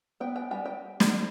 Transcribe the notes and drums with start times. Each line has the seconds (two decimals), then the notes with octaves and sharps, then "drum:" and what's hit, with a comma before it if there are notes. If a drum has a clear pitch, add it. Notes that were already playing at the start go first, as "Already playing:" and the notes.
0.20 B3 G5
0.36 G5
0.51 G3 G5
0.66 G5
1.00 drum: snare